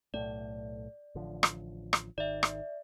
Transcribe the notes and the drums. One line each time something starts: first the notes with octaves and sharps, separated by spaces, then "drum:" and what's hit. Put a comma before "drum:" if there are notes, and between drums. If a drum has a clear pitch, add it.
B1 A2 A3 D5
A1 D3 F3
drum: rim click
drum: rim click
G#1 D#3 D5 E5
drum: rim click